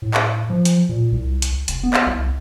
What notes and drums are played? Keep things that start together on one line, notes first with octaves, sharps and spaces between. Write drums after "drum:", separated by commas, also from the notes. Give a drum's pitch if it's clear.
A2
drum: clap
F3
drum: hi-hat
A#2
C2
drum: hi-hat
F1, drum: hi-hat
B3
drum: clap
C2